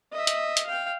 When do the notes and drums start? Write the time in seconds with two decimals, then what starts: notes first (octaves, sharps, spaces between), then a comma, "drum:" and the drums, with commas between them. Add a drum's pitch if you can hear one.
0.13 D#5 E5
0.27 drum: hi-hat
0.57 drum: hi-hat
0.66 F5 G5